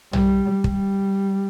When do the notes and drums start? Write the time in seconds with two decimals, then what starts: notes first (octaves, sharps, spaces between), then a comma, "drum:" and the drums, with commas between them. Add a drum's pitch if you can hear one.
0.13 G3, drum: tom B1
0.64 G3, drum: kick